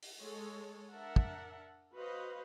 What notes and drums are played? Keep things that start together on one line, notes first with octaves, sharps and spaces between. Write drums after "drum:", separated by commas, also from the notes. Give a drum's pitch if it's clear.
drum: open hi-hat
G#3 A4 C#5
D4 A#4 E5 F#5 A5
drum: kick
F#4 B4 C5 D#5 F5